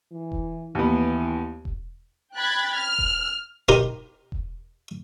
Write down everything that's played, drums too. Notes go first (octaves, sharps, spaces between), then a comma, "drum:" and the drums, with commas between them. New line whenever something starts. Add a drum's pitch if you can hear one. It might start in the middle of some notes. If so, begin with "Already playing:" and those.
E3
drum: kick E1
D#2 E3 B3
drum: kick E1
G5 B5 F#6 G#6 A6
F6
drum: kick E1
D#4 G4 A#4 C5
drum: kick E1